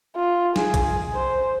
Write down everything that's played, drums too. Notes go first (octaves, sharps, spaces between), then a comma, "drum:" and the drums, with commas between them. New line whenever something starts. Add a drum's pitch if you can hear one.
F4
G#4, drum: snare
drum: kick A#1, hi-hat
C5